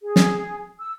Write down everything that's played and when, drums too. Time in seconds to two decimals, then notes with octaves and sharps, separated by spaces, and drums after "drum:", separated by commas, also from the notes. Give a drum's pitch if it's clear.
0.02 G#4
0.16 drum: snare
0.78 E6